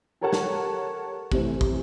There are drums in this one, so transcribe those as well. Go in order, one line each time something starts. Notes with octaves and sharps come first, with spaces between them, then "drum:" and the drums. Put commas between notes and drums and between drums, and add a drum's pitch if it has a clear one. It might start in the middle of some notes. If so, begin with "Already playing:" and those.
G4 A4 A#4 C#5 F#5 A5
drum: snare
C3 E3 A3 C5, drum: kick
drum: kick